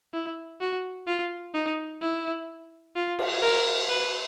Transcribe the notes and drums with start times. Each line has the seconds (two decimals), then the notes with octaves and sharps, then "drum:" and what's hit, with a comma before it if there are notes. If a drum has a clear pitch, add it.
0.14 E4
0.61 F#4
1.07 F4
1.54 D#4
2.01 E4
2.96 F4
3.19 drum: cymbal
3.42 A#4
3.89 B4